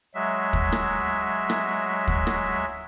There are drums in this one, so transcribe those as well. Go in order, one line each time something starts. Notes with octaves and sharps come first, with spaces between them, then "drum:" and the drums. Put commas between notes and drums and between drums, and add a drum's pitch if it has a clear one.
F#3 G#3 E5
drum: kick
drum: rim click
drum: rim click
drum: kick
drum: rim click